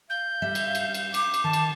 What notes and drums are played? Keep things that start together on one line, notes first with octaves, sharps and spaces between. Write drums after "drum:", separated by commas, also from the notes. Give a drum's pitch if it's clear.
F5 G6
G3 E5
drum: cymbal
F5
drum: cymbal
drum: cymbal
D6, drum: cymbal
drum: cymbal
D#3 A5
drum: cymbal